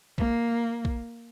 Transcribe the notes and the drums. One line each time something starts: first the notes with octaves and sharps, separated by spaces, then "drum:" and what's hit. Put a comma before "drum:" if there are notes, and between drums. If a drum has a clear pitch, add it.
A#3, drum: kick
drum: kick